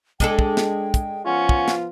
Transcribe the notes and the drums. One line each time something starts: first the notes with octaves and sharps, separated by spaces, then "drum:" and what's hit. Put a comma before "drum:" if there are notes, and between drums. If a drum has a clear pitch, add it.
G#3 D4 A4 G5, drum: kick, hi-hat
drum: kick
drum: snare
drum: kick, hi-hat
F3 B3 C#4 F4 F#5
drum: kick
drum: snare